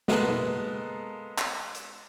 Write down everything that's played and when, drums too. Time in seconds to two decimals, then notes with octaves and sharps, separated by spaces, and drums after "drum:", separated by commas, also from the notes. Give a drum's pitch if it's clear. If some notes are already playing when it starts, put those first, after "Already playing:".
0.08 G#3 A#3 B3 A4, drum: snare
0.28 drum: tom
1.38 drum: clap
1.74 drum: hi-hat